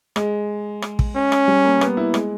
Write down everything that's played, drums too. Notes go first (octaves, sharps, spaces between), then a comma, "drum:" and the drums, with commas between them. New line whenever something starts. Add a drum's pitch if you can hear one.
G#3, drum: rim click
drum: rim click
drum: kick
C#4
drum: rim click
G3
A#3
B3, drum: rim click
E4
G#3, drum: rim click